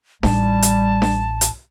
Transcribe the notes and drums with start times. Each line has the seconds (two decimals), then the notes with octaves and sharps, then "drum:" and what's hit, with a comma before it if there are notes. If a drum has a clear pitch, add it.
0.23 A1 G3 D#4 A5, drum: snare D4
0.62 drum: hi-hat
1.02 drum: snare D4
1.41 drum: hi-hat